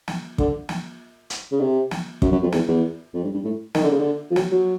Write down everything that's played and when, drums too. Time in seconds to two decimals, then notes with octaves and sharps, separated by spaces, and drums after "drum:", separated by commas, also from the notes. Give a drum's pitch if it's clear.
0.08 drum: snare
0.38 D3, drum: kick
0.69 drum: snare
1.30 drum: hi-hat
1.51 C#3
1.60 C3
1.91 drum: snare
2.22 F#2, drum: kick
2.32 F#2
2.42 F2
2.52 E2, drum: snare
2.68 E2
3.14 F2
3.24 G2
3.34 G2
3.44 A2
3.75 D#3, drum: snare
3.83 D3
3.91 C#3
4.00 D3
4.31 F3
4.36 F#3, drum: snare
4.51 F#3